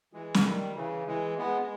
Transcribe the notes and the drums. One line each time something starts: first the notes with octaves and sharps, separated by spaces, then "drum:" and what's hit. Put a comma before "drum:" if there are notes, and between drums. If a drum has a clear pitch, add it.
E3 G#3
drum: snare
D#3 G3
C#3 E3
E3 G#3
G#3 B3
G#3